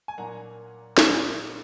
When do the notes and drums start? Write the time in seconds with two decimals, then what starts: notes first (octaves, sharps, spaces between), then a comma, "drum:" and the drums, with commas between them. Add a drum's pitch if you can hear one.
0.08 G#5
0.18 A#2 F#3 A#3 D4 F#5 A#5
0.98 A#2 F#3 A#3 D4 G#5 B5, drum: snare